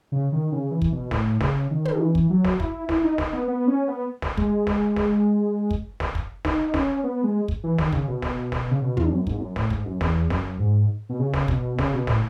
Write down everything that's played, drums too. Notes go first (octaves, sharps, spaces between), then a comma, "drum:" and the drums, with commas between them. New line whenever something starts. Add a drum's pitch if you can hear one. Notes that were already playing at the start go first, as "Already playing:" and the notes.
C#3
D#3
C#3
E3
drum: kick
B2
A2, drum: snare
C#3, drum: snare
D#3
drum: tom
D#3
E3
drum: kick
F#3
drum: snare
E4, drum: kick
E4, drum: snare
D#4
D#4, drum: snare
B3
B3
C#4
B3
drum: snare
G#3, drum: kick
drum: snare
drum: snare
drum: kick
drum: snare
drum: kick
D#4, drum: snare
C#4, drum: snare
B3
G#3
drum: kick
E3
D#3, drum: snare
C#3, drum: kick
B2
drum: snare
drum: snare
C#3
B2
E2, drum: tom
F#2
G#2, drum: kick
E2
F#2
A2, drum: snare
G#2, drum: kick
F#2
E2, drum: snare
F#2, drum: snare
G#2
B2
C#3
drum: snare
B2, drum: kick
C#3, drum: snare
B2
A2, drum: snare